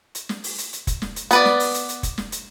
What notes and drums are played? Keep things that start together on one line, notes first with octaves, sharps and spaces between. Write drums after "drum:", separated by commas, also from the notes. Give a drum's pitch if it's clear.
drum: hi-hat
drum: snare
drum: open hi-hat
drum: hi-hat
drum: hi-hat
drum: kick F1, hi-hat
drum: snare
drum: hi-hat
B3 B4 D5, drum: hi-hat
drum: snare
drum: open hi-hat
drum: hi-hat
drum: hi-hat
drum: kick F1, hi-hat
drum: snare
drum: hi-hat